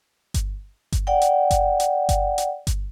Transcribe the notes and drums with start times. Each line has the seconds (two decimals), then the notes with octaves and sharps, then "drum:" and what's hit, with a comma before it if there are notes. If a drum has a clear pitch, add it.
0.34 drum: kick G1, hi-hat
0.92 drum: kick G1, hi-hat
1.07 D5 F#5 G5
1.21 drum: hi-hat
1.51 drum: kick G1, hi-hat
1.80 drum: hi-hat
2.09 drum: kick G1, hi-hat
2.38 drum: hi-hat
2.67 drum: kick G1, hi-hat